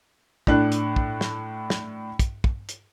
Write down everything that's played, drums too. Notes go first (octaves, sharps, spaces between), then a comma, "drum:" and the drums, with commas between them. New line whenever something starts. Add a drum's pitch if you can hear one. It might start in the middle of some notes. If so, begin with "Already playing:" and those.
A2 D4 F#6, drum: kick
drum: hi-hat
drum: kick
drum: snare
drum: snare
drum: kick, hi-hat
drum: kick
drum: hi-hat